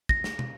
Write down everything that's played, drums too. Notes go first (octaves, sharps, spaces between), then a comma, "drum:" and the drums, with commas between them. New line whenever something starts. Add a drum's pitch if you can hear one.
A#6, drum: kick
drum: snare
drum: tom